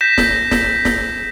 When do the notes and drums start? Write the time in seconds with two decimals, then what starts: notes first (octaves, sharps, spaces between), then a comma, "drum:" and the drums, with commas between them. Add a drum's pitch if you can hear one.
0.01 G6 A#6 B6 E7
0.18 drum: snare
0.51 drum: snare
0.85 drum: snare